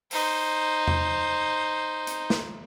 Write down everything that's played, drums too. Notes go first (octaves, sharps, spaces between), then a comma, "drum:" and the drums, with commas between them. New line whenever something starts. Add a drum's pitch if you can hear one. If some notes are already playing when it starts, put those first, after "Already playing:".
D#4 C5, drum: open hi-hat
drum: tom E2
drum: hi-hat
drum: snare